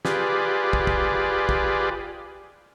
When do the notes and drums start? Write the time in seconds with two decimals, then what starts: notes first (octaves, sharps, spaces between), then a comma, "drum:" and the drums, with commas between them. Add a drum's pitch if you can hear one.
0.05 F4 G4 G#4 B4 D5, drum: snare
0.73 drum: kick
0.87 drum: kick
1.49 drum: kick